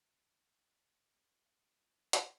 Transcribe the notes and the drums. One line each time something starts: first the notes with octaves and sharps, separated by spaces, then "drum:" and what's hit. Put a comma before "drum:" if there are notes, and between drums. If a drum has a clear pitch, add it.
F5
F4
D#3
F5, drum: hi-hat